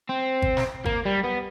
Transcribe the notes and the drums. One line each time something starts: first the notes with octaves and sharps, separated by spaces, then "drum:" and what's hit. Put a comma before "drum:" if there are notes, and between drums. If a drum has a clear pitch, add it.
C4
drum: kick G#1
drum: snare
A#3, drum: kick G#1
G3
B3